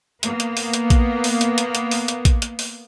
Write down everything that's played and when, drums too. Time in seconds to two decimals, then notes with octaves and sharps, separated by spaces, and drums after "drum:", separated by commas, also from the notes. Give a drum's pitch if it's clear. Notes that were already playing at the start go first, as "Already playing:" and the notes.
0.23 A#3 B3, drum: hi-hat
0.40 drum: hi-hat
0.57 drum: open hi-hat
0.74 drum: hi-hat
0.90 drum: kick A#1, hi-hat
1.24 drum: open hi-hat
1.41 drum: hi-hat
1.58 drum: hi-hat
1.75 drum: hi-hat
1.91 drum: open hi-hat
2.08 drum: hi-hat
2.25 drum: kick A#1, hi-hat
2.42 drum: hi-hat
2.59 drum: open hi-hat